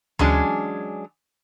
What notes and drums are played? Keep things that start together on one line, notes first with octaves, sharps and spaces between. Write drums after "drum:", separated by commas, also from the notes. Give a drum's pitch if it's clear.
E3 F#3 G#3 C#4 D4, drum: tom D2